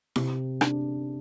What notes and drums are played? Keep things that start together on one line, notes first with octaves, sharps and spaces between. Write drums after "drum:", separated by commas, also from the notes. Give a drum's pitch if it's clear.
C3, drum: snare E4
D4, drum: rim click